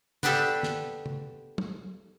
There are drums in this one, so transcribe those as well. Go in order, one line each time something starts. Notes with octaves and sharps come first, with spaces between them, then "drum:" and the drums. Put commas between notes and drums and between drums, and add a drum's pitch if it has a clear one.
B3 D4 G4 A4 B4, drum: tom
drum: snare
drum: tom
drum: tom